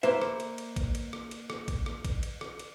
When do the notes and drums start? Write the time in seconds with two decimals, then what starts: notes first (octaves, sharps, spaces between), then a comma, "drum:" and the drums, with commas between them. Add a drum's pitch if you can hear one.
0.03 A#3 B4 C5 E5, drum: cymbal
0.22 drum: rim click
0.40 drum: cymbal
0.58 drum: cymbal
0.76 drum: kick, cymbal
0.95 drum: cymbal
1.13 drum: rim click
1.31 drum: cymbal
1.50 drum: rim click
1.68 drum: kick, cymbal
1.86 drum: rim click
2.05 drum: kick, cymbal
2.23 drum: cymbal
2.41 drum: rim click
2.59 drum: cymbal